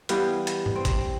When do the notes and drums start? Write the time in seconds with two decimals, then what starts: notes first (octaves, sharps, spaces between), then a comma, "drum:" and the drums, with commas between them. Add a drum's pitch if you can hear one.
0.09 E3 G3 B3 F5, drum: hi-hat
0.47 drum: hi-hat
0.66 drum: tom G#2
0.76 C4
0.85 drum: kick G#1, hi-hat